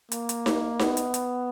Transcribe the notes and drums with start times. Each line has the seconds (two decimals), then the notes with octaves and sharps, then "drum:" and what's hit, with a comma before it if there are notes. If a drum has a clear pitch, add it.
0.12 A#3, drum: hi-hat
0.29 drum: hi-hat
0.46 drum: snare D#4
0.79 B3, drum: snare D#4
0.97 drum: hi-hat
1.14 drum: hi-hat